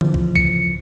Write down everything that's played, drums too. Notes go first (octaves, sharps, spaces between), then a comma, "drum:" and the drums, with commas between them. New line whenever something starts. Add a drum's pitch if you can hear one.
C#3 E3 F3, drum: tom D3
drum: kick
C#7, drum: kick